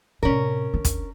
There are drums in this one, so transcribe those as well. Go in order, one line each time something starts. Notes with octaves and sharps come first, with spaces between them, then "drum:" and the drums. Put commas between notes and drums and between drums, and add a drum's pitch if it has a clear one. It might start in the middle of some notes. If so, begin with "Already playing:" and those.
A2 C3 C#4 A#4
D4
drum: kick, hi-hat